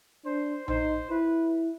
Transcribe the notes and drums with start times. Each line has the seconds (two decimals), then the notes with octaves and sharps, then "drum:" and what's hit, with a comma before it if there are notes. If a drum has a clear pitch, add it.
0.25 D4 C5
0.68 D#4 C5, drum: tom A#1
1.10 E4 B4